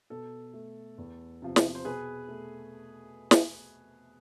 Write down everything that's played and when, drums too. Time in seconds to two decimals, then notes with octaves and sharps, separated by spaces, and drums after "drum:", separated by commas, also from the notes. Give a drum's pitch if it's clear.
0.10 B2 A4
0.54 A3
0.98 E2
1.42 C3 F3
1.56 drum: snare
1.75 C5
1.85 B2 G#4 B4
2.28 A3
3.31 drum: snare